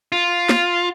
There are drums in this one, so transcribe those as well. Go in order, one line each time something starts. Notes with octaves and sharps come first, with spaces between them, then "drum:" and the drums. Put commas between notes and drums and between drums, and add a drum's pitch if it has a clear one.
F4
drum: snare